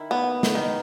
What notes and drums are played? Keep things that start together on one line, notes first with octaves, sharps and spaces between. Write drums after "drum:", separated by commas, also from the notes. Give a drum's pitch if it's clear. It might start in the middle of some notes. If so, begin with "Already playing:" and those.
Already playing: D#3 E4
B3
drum: snare
D#3